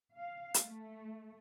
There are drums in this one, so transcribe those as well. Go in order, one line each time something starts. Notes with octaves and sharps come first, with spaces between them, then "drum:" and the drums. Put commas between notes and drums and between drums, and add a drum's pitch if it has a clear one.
F5
drum: hi-hat
A3